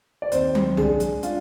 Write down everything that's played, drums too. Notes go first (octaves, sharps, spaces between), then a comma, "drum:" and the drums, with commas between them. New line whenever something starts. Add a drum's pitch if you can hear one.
D5
D#2 C4 C5, drum: hi-hat
drum: tom
G#3 D4 G#4, drum: tom C2
drum: hi-hat
D4 F4, drum: hi-hat